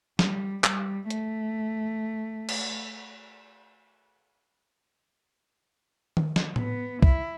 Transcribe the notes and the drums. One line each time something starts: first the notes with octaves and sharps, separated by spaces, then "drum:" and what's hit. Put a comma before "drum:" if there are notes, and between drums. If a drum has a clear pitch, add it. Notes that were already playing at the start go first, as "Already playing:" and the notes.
G3, drum: snare
G3, drum: clap
A3, drum: hi-hat
drum: cymbal
drum: tom D#3
drum: snare
B3, drum: tom A2
E4, drum: kick C2